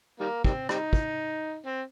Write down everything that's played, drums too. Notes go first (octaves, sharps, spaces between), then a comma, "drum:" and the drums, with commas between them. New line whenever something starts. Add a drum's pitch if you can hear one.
D#3 G3 A#3
D#3 G3 C4, drum: kick
G3 C4 D#4, drum: rim click
drum: kick
C4